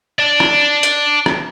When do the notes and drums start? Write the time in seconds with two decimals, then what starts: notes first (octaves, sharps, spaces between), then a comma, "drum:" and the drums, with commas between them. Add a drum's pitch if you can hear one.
0.19 D5 A5
0.40 drum: rim click
0.83 drum: hi-hat
1.26 drum: rim click